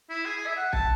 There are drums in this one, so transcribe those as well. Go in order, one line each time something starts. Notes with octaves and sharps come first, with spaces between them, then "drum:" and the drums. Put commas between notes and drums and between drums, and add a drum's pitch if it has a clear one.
E4
G#4
G#4
E5
F#5
A5, drum: kick